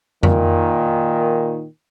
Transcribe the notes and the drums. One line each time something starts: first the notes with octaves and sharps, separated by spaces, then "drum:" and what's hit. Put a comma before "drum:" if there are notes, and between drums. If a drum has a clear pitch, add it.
A#2 D#3, drum: tom F2